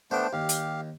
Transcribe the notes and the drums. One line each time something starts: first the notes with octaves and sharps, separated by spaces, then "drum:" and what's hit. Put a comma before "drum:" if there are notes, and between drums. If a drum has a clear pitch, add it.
A3 B3 D4 C5 G5
D#2 G4 F5
drum: hi-hat